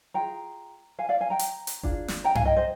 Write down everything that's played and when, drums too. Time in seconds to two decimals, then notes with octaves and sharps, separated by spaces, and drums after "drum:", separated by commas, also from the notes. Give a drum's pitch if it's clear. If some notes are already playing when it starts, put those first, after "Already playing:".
0.14 F4 G#4 G5 A#5
0.99 F5 G#5
1.09 D5 F5
1.20 F5 G#5
1.30 G5 A#5
1.39 drum: hi-hat
1.67 drum: hi-hat
1.83 D4 F4 G#4, drum: kick G1
2.08 drum: snare
2.24 G5 A#5
2.35 F5 G#5, drum: tom G2
2.45 D#5 G5
2.56 C5 D#5